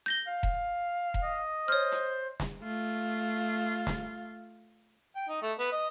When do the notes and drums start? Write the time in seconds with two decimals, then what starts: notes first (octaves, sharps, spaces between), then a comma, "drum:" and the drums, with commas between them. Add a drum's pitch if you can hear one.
0.06 G6 A#6 G7
0.27 F5
0.43 drum: kick E1
1.14 drum: kick E1
1.23 D#5
1.68 C5 C#5 F6
1.92 drum: hi-hat
2.40 drum: snare
2.62 A3 F4
3.87 drum: snare
5.16 G5
5.29 D#4
5.42 A3
5.58 B3
5.72 D#5